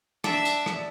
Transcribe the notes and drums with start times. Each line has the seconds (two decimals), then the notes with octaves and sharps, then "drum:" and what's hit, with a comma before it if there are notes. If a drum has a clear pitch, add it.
0.24 D4 E5, drum: rim click
0.45 drum: tambourine
0.66 drum: rim click